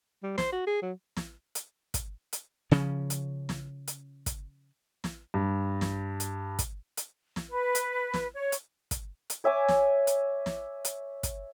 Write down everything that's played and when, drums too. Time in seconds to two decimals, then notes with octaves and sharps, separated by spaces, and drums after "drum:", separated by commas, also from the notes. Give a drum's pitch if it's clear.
0.23 G3
0.38 C5, drum: snare
0.53 F#4
0.67 G#4
0.82 F#3
1.17 drum: snare
1.55 drum: hi-hat
1.94 drum: kick, hi-hat
2.33 drum: hi-hat
2.71 C#3 F3 C#4, drum: snare
3.10 drum: hi-hat
3.49 drum: snare
3.88 drum: hi-hat
4.26 drum: kick, hi-hat
5.04 drum: snare
5.34 G2
5.81 drum: snare
6.20 drum: hi-hat
6.59 drum: kick, hi-hat
6.97 drum: hi-hat
7.36 drum: snare
7.49 B4
7.75 drum: hi-hat
8.14 drum: snare
8.34 C#5
8.52 drum: hi-hat
8.91 drum: kick, hi-hat
9.30 drum: hi-hat
9.44 C#5 E5 G#5 D6
9.68 drum: snare
10.07 drum: hi-hat
10.46 drum: snare
10.85 drum: hi-hat
11.23 drum: kick, hi-hat